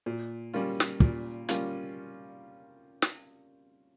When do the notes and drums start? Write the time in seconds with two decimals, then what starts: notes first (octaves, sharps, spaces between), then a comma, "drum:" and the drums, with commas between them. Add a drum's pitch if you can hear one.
0.06 A#2
0.54 G3 A#3 C#4 F4
0.80 drum: snare
1.00 A#2, drum: kick
1.49 G3 A#3 C#4 F4, drum: hi-hat
3.02 drum: snare